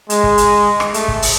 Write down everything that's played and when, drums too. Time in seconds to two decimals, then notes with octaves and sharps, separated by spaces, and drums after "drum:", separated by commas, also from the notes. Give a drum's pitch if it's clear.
0.10 G#3, drum: hi-hat
0.23 drum: kick
0.38 drum: hi-hat
0.80 drum: rim click
0.94 A3, drum: hi-hat
1.08 drum: kick
1.22 drum: open hi-hat